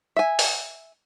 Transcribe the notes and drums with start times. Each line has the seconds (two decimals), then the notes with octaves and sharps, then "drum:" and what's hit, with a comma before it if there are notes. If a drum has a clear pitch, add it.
0.17 E5 G#5
0.39 drum: open hi-hat